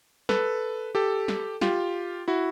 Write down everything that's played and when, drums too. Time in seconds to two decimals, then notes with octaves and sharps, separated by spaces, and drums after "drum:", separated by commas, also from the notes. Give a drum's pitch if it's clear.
0.29 A4 B4, drum: snare
0.95 G4 A4
1.28 drum: snare
1.61 F4 G4, drum: snare
2.28 E4 F#4